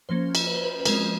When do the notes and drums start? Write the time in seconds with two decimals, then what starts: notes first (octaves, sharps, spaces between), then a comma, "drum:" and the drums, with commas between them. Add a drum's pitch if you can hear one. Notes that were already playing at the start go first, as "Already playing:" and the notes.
0.09 F3 A#3 C#4 C5
0.35 drum: cymbal
0.47 B4
0.55 C5
0.64 B4
0.80 B4
0.85 F3 G#3 C4 A#4, drum: cymbal